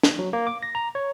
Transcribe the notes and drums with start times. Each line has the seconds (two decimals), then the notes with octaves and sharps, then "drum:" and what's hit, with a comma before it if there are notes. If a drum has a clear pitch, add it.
0.03 drum: snare
0.19 F#3
0.33 A#3
0.47 D6
0.63 A#6
0.75 A#5
0.95 C#5